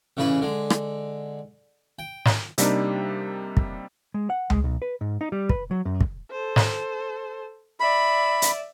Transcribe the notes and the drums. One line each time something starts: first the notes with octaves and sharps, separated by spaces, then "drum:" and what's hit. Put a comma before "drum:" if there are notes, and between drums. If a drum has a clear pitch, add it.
A1 C#3 E3 G#4 B4
D3 G#3
drum: rim click
G5
drum: snare
C3 G3 A#3 D4 D#4, drum: hi-hat
drum: kick
G#3
F#5
G#3, drum: tom C#2
B1
B4
G#2
D#4
G3
B4, drum: kick
F#3
F#2
drum: kick
A4 C5
drum: snare
D5 E5 B5
drum: hi-hat